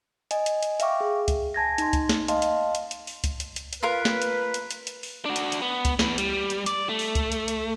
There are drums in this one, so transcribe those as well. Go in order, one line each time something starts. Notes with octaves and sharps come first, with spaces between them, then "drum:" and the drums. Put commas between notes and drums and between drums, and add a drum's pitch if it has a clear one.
D#5 G#5, drum: hi-hat
drum: hi-hat
drum: hi-hat
E5 F5 G5 C#6 D6, drum: hi-hat
G#4
drum: kick C#2, hi-hat
G#5 A5 G#6 A#6
D#4 C6, drum: hi-hat
drum: kick C#2, hi-hat
drum: snare
D#5 F5 A5 C6, drum: hi-hat
drum: hi-hat
drum: hi-hat
drum: hi-hat
drum: open hi-hat
drum: kick C#2, hi-hat
drum: hi-hat
drum: hi-hat
drum: hi-hat
F4 A#4 B4
drum: snare
drum: hi-hat
drum: hi-hat
drum: hi-hat
drum: hi-hat
drum: open hi-hat
D4 F#4
drum: hi-hat
drum: hi-hat
B3
drum: kick C#2, hi-hat
E3 B3, drum: snare
G3, drum: hi-hat
drum: hi-hat
D5, drum: hi-hat
A3
drum: open hi-hat
drum: kick C#2, hi-hat
drum: hi-hat
drum: hi-hat